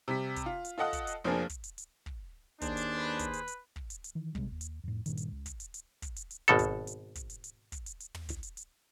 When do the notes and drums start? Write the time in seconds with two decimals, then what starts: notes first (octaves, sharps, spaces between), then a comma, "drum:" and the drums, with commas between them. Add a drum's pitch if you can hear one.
0.08 C3 G3 B6
0.36 drum: kick, hi-hat
0.46 F4
0.65 drum: hi-hat
0.78 F4 A4 D#5 F#5 D#6
0.93 drum: kick, hi-hat
1.07 drum: hi-hat
1.24 F1 F3 A#3 C4 D4 G#4
1.49 drum: kick, hi-hat
1.64 drum: hi-hat
1.78 drum: hi-hat
2.06 drum: kick
2.61 D#2 D4 G#4 C5, drum: kick, hi-hat
2.77 drum: hi-hat
2.95 B4
3.19 drum: kick, hi-hat
3.33 drum: hi-hat
3.48 drum: hi-hat
3.76 drum: kick
3.90 drum: hi-hat
4.04 drum: hi-hat
4.15 D#3 E3
4.35 C3 G3 G#3, drum: kick
4.52 D#2
4.61 drum: hi-hat
4.83 F2 A2
5.06 G2 A#2 D#3, drum: hi-hat
5.17 drum: hi-hat
5.31 C#2
5.46 drum: kick, hi-hat
5.60 drum: hi-hat
5.74 drum: hi-hat
6.02 drum: kick, hi-hat
6.16 drum: hi-hat
6.31 drum: hi-hat
6.48 G#1 B2 A4
6.59 drum: kick, hi-hat
6.87 drum: hi-hat
7.15 drum: kick, hi-hat
7.30 drum: hi-hat
7.44 drum: hi-hat
7.72 drum: kick, hi-hat
7.86 drum: hi-hat
8.00 drum: hi-hat
8.14 drum: tom
8.29 drum: kick, hi-hat
8.43 drum: hi-hat
8.57 drum: hi-hat